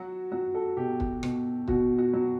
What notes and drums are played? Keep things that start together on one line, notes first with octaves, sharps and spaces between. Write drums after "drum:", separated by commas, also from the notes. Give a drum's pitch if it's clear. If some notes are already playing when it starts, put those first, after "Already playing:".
Already playing: F#3 F#4
F#3 F#4
A4
B2 G4
drum: kick
B2, drum: rim click
B2 F#4, drum: kick
F#4
F#3